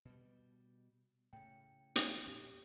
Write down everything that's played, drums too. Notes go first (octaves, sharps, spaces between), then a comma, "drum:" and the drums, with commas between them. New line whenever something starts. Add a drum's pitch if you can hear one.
B2 G3
A2 C#3 G5
drum: hi-hat
F2 A#2 C#4 G4